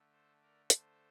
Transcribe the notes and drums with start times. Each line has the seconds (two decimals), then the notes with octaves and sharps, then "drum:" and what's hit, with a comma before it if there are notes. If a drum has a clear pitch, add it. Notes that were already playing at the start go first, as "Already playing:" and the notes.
Already playing: D3 A3
0.13 A4 C5
0.42 A#4 D5
0.70 A4 C5, drum: hi-hat